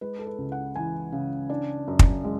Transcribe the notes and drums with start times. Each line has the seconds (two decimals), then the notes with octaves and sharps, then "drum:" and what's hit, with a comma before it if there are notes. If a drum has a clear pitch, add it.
0.01 G#3 B4
0.19 A4
0.27 B4
0.38 C#2
0.52 F#5
0.76 E3 G#5
1.12 C#3
1.50 D4
1.88 F#2
1.99 drum: kick
2.25 G#3